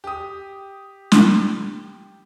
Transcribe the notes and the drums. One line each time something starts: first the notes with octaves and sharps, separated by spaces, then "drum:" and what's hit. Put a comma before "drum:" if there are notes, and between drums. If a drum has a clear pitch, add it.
G4 D#6
drum: snare